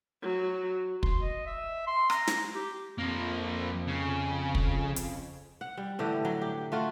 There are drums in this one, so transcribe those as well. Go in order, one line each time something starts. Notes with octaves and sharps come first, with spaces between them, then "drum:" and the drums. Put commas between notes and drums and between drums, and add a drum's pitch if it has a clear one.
F#3
C6, drum: kick
D#5
E5
C6
A#5, drum: rim click
drum: snare
G4
F2 F3 A#3
C#3
drum: kick
drum: hi-hat
F#5
G3
A2 D3 E3 G4
F#3
G4
A3 F4 F#4